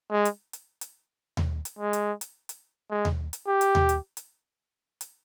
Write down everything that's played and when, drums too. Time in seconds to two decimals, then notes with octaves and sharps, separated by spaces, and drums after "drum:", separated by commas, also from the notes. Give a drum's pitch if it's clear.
0.11 G#3
0.25 drum: hi-hat
0.53 drum: hi-hat
0.81 drum: hi-hat
1.37 drum: tom D#2
1.65 drum: hi-hat
1.79 G#3
1.93 drum: hi-hat
2.21 drum: hi-hat
2.49 drum: hi-hat
2.91 G#3
3.05 drum: tom D#2
3.33 drum: hi-hat
3.47 G4
3.61 drum: hi-hat
3.75 drum: tom D#2
3.89 drum: hi-hat
4.17 drum: hi-hat
5.01 drum: hi-hat